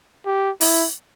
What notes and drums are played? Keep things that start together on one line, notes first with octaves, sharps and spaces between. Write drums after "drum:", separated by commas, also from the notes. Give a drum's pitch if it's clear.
G4
E4, drum: open hi-hat